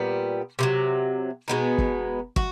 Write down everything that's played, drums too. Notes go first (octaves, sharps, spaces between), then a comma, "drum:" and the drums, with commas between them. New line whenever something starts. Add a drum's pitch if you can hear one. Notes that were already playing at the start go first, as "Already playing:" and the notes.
Already playing: A#2 G3 B3
C3 D#3 F#3
B2 G#3 B3 D#4
drum: kick
F#4, drum: kick